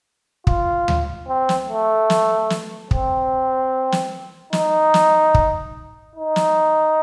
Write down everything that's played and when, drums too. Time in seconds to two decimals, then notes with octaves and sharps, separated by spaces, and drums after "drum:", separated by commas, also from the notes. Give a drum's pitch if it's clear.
0.47 F4, drum: kick
0.88 drum: tom D2
1.28 C4
1.49 drum: snare
1.69 A3
2.10 drum: snare
2.50 drum: snare
2.91 C4, drum: kick
3.92 drum: snare
4.53 D#4, drum: snare
4.94 drum: snare
5.34 drum: kick
6.16 D#4
6.36 drum: snare